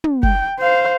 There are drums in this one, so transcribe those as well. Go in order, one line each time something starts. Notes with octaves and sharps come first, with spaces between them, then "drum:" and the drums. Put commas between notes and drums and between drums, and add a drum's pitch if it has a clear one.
drum: tom
G5, drum: kick F#1
C5 F5